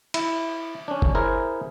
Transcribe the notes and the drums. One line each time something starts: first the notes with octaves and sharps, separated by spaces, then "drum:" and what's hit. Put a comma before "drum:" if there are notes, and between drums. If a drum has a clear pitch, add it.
E4, drum: cymbal
C#4 D4
drum: kick G1
E4 G#4 A#4 C5